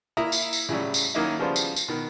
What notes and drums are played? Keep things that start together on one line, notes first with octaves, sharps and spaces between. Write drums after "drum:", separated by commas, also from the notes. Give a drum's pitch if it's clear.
A#3 E4 A#5 D#6
drum: tambourine
drum: tambourine
A2 C#3 F#3 G3
drum: tambourine
D#3 F#3 A#3 C#4 D#4 E4
C#3 F3 G3 B3 F4 C5
drum: tambourine
drum: tambourine
B2 D#3